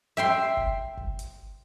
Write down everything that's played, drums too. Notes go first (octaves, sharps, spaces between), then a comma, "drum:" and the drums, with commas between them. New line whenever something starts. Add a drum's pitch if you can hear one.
E5 G5 C6
drum: kick F#1
drum: kick F#1
drum: hi-hat